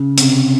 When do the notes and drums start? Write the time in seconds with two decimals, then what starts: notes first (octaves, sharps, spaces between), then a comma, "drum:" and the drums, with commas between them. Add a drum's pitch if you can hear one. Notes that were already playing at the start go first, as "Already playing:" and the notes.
Already playing: C#3
0.18 C3, drum: hi-hat